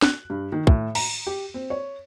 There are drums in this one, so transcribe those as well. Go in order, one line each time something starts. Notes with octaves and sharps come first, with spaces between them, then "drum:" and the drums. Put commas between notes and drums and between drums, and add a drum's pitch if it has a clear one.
F#6, drum: snare
G2
D#3
A2, drum: kick
A#5, drum: cymbal
G4
C4
C#5